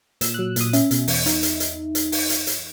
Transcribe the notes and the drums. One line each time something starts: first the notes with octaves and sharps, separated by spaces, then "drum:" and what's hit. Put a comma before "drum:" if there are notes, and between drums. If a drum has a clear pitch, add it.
A#2 E6, drum: hi-hat
F#3 F#6
A#2 D#6, drum: hi-hat
C#4 E5, drum: hi-hat
B2, drum: hi-hat
E2, drum: open hi-hat
D#4, drum: hi-hat
drum: hi-hat
drum: hi-hat
drum: hi-hat
drum: open hi-hat
drum: hi-hat
drum: hi-hat